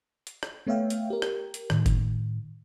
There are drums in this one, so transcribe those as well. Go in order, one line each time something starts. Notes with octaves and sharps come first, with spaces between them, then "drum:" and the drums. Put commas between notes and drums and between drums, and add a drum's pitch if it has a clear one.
drum: hi-hat
drum: rim click
A3 B3 C#5 E5 F5 G5
drum: hi-hat
G4 A#4
drum: rim click
drum: hi-hat
A2 D#3, drum: rim click
drum: kick F#1, hi-hat